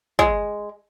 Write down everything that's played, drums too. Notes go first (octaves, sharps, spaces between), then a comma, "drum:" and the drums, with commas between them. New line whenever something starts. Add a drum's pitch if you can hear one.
G#3, drum: kick